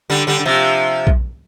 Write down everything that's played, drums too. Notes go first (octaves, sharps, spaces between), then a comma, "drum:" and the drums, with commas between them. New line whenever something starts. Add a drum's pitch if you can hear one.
D3 G3
D3 G3
D3
C3 F3
drum: kick A#1